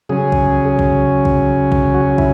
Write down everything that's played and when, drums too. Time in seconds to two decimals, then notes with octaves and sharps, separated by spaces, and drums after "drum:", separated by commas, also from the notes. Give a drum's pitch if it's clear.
0.09 C#3 F#3 C#4 G#4
0.32 drum: kick
0.79 drum: kick
1.25 drum: kick
1.72 drum: kick
1.94 F#4
2.18 E4, drum: kick